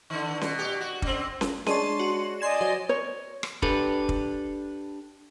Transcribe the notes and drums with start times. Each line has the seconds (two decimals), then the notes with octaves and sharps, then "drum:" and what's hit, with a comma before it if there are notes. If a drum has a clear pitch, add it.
0.10 D3 D#3
0.41 B2, drum: snare C#4
0.59 B2 G4
0.80 F#4
1.02 C#3 C4, drum: kick
1.41 drum: snare C#4
1.66 G#3 D4 C#5 A5 C6 D#7, drum: snare C#4
1.99 F#4
2.41 D5 D#5 G#5 C6 G#6 E7
2.61 F#3 C5
2.89 C#5
3.43 drum: rim click
3.62 D4 G4 A4 B4, drum: kick
4.09 drum: kick